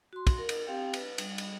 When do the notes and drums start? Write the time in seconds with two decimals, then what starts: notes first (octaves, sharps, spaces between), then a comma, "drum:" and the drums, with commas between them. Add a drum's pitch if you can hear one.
0.13 F#4 C6
0.27 drum: kick, cymbal
0.38 A#4
0.49 drum: cymbal
0.67 C4 G4 F5 G5
0.93 B4, drum: cymbal
1.18 G3, drum: cymbal
1.38 drum: cymbal